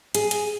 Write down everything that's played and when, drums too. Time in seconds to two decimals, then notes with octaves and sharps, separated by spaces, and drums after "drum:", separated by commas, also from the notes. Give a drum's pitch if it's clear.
0.15 G#4, drum: hi-hat
0.31 drum: hi-hat